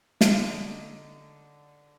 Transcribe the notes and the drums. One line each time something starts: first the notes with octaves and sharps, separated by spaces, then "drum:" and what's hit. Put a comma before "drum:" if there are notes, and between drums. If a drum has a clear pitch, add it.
D3 D#4, drum: snare